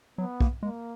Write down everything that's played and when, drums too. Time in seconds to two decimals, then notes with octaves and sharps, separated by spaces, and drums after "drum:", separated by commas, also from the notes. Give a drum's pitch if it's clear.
0.18 F#3 B3
0.40 A#3, drum: kick
0.63 G#3 A#3